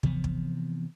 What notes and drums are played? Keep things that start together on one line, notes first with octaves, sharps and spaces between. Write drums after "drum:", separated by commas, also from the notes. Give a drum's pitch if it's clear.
C3 E3 F3 B3, drum: kick
drum: kick